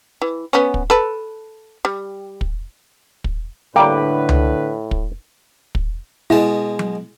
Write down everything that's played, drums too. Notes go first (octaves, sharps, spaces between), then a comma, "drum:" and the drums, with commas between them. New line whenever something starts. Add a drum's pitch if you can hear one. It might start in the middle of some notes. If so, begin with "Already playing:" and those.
E3
B3 C#4
drum: kick
A4 B4
G3
drum: kick
drum: kick
A2 D3 G3 A#3 B4 G5 D6
drum: tom C#2
drum: kick
drum: kick
B2 G#3 E4 A5
drum: tom F#3